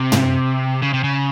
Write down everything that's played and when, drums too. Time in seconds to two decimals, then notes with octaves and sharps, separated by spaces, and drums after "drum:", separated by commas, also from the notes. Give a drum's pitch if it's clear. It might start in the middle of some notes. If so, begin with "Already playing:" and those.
Already playing: C3
0.12 drum: tom
0.83 C#3
0.94 C3
1.04 C#3